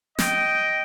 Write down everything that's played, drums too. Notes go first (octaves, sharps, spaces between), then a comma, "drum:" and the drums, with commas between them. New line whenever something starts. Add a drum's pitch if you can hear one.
D#5 G5, drum: snare